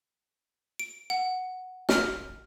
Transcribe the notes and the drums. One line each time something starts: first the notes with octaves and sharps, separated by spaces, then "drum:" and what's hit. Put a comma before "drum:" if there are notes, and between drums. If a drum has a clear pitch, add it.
D7
F#5
F6, drum: snare